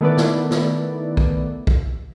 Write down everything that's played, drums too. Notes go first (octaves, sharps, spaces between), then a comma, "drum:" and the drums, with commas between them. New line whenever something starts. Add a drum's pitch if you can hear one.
D#3 A3 B3 E4 B4 D5
drum: snare
drum: snare
drum: kick
drum: kick